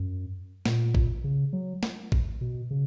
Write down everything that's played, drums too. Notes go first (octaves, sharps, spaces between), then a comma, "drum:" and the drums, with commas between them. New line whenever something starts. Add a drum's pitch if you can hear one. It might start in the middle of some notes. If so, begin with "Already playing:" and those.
Already playing: F#2
A#2, drum: snare
drum: kick A1
C#3
F#3
drum: snare
drum: kick A1
B2
C#3